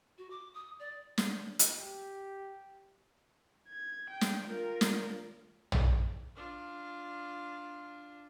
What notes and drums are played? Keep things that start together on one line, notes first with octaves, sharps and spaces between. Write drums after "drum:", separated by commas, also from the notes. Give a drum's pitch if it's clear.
F#4
D6
D#6
D5
drum: snare
drum: hi-hat
G4
G#6
G5
drum: snare
F4 A#4
drum: snare
drum: tom
D4 F4